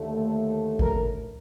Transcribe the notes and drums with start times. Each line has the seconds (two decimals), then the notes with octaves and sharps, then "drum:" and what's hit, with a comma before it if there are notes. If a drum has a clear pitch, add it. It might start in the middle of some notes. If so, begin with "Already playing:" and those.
Already playing: D#2 D3 A3
0.79 A#4, drum: kick G#1